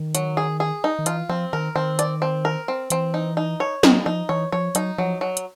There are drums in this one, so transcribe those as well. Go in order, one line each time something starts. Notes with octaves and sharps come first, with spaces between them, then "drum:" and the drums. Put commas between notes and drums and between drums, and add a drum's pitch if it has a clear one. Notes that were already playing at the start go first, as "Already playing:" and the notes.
Already playing: D#3
F#3, drum: hi-hat
G#4
G#4
D#4
D#3
E3 F4, drum: hi-hat
F3 C4
D#3 A#4
D#3 C4
D5, drum: hi-hat
C4
A#4
C4
E3 C4, drum: hi-hat
D#4
D#4
C#5
F#3 D#4, drum: snare
F3 D#4
E3 C#5
F3 C#5
F#3 D#4, drum: hi-hat
F3 F#3
F#3
drum: hi-hat